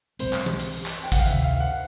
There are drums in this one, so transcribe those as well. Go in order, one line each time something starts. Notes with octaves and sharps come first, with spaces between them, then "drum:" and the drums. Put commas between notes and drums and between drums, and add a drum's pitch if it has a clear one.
B1 B2 G#3 C4 C5, drum: hi-hat
drum: clap
drum: tom E3
drum: hi-hat
drum: open hi-hat
drum: clap
G5
F#5, drum: kick A1, hi-hat
F5
D2 C3 D#3 E5, drum: hi-hat
F5
F#5